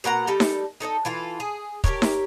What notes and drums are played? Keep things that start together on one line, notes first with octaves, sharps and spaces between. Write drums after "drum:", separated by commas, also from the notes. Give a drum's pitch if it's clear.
B2 A#3 F#5 A#5
G3 D#4 A4
drum: snare D#4
D#4 A4 C5 D#5
E3 F4 A4
G#4
G4 G#4 A#4 C#5, drum: kick
drum: snare D#4